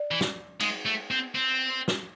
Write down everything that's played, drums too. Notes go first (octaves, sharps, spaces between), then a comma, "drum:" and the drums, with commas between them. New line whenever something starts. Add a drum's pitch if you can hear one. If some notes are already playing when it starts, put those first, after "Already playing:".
Already playing: D5
E3
drum: snare
G#3, drum: cymbal
A3
C4
C4
drum: snare